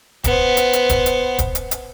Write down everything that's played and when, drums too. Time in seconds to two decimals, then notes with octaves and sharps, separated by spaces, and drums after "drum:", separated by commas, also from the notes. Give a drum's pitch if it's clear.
0.24 B3 C5, drum: kick, hi-hat
0.57 drum: hi-hat
0.73 drum: hi-hat
0.90 drum: kick, hi-hat
1.06 drum: hi-hat
1.39 drum: kick, hi-hat
1.55 drum: hi-hat
1.71 drum: hi-hat